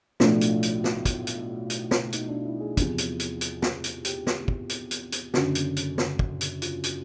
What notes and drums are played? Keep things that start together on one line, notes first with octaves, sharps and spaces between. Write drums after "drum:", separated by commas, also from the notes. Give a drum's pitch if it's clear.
B1 A2 F3 A3 D4, drum: snare
drum: hi-hat
drum: hi-hat
drum: snare
drum: kick, hi-hat
drum: hi-hat
drum: hi-hat
drum: snare
D#4, drum: hi-hat
D4
E4
G#4
E2 C3 F3, drum: kick, hi-hat
drum: hi-hat
drum: hi-hat
drum: hi-hat
drum: snare
drum: hi-hat
G4, drum: hi-hat
drum: snare
drum: kick
drum: hi-hat
drum: hi-hat
drum: hi-hat
F#1 F#2 D3 F#4, drum: snare
drum: hi-hat
drum: hi-hat
drum: snare
drum: kick
drum: hi-hat
F4, drum: hi-hat
drum: hi-hat